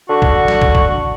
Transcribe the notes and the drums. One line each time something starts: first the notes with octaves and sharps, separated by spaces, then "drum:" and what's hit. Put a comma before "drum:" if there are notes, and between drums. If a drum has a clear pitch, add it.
D3 F#4
drum: kick
drum: snare
drum: kick
drum: kick